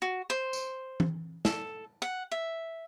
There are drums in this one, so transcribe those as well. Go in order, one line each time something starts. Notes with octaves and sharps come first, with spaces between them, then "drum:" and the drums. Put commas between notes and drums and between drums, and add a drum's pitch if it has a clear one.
F#4
C5
drum: tambourine
drum: tom E3
A4, drum: snare
F#5
E5